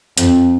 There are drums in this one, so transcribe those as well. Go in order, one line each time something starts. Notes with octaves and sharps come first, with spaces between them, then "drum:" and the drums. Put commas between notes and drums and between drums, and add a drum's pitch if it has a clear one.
F2, drum: hi-hat